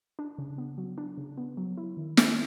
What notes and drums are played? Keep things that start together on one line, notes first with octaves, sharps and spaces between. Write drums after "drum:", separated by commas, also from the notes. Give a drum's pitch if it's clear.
D4
C#3
B3
F#3
D4
C#3
B3
F#3
E4
D#3
C4, drum: snare